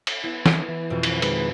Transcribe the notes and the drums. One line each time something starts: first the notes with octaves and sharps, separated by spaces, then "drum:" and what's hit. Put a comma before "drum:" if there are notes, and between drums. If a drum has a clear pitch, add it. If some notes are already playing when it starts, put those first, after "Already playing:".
drum: cymbal
B3 E4
E3, drum: snare
E3
F2 B2 C4
drum: cymbal
D#3 G#3 B4, drum: cymbal